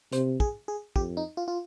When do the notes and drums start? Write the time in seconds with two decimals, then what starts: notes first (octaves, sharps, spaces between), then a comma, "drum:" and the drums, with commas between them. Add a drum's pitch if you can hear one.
0.12 C3 C5, drum: hi-hat
0.40 G#4, drum: kick
0.68 G#4
0.96 F2 G4, drum: kick
1.17 D#4
1.37 F4
1.48 F4